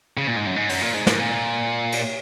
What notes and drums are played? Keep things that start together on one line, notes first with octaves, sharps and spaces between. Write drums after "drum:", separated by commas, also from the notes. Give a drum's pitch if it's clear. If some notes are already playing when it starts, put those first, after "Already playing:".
C#3
A#2
G#2
F#2
G#2
F#2, drum: open hi-hat
A#2
G#2
G#2, drum: snare
A#2
drum: cymbal